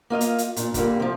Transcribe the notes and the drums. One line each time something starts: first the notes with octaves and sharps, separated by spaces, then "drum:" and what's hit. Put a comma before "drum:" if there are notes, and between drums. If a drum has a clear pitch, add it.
A#3 F4 D#5 F5
drum: hi-hat
drum: hi-hat
A#2 D4, drum: hi-hat
A#2 D3 G3 A#3, drum: kick G1, hi-hat
C3 F3